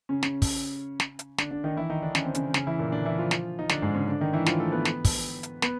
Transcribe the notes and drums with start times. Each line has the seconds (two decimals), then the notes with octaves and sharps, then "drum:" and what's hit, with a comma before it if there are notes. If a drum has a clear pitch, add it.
0.09 C#3 C#4
0.23 C#3 C#4, drum: snare
0.42 drum: kick, open hi-hat
1.00 drum: snare
1.19 drum: hi-hat
1.38 D3 D4, drum: snare
1.51 D3 D4
1.64 D#3 D#4
1.77 E3 E4
1.90 D#3 D#4
2.02 D3 D4
2.15 C#4, drum: snare
2.25 C4
2.35 C#3 C#4, drum: hi-hat
2.54 C#3 C#4, drum: snare
2.67 E3 E4
2.79 A#2 A#3
2.92 D3 D4
3.05 E3 E4
3.18 F3 F4
3.31 drum: snare
3.59 D#4
3.69 D3 D4, drum: snare
3.82 G#2 G#3
3.95 C#3 C#4
4.08 D3 D4
4.21 D#3 D#4
4.33 E3 E4
4.46 F3 F4, drum: snare
4.59 A3 A4
4.72 B3 B4
4.85 drum: snare
5.05 drum: kick, open hi-hat
5.43 drum: hi-hat
5.62 B3 B4, drum: snare